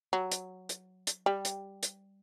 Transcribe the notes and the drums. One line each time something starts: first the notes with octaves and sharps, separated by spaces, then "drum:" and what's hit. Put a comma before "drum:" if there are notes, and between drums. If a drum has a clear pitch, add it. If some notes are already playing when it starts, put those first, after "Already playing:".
F#3
drum: hi-hat
drum: hi-hat
drum: hi-hat
G3
drum: hi-hat
drum: hi-hat